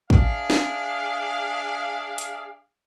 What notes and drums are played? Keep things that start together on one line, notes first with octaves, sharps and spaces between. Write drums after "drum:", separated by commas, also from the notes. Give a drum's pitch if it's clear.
D4 G#4 E5 F5, drum: kick
drum: snare
drum: hi-hat